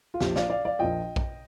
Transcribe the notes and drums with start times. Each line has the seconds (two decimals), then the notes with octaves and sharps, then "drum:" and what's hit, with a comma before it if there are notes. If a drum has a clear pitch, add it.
0.14 F4
0.20 A#1 A#2 F3 G4, drum: snare
0.36 D5 F5, drum: snare
0.50 D5 F5
0.65 D5 F5
0.79 A#1 A#2 F3 D#5 G5
1.16 drum: kick A#1